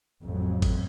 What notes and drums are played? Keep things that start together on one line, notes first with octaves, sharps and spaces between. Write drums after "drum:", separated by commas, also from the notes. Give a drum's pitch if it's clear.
A1 F2 G#2 F#3
drum: kick, cymbal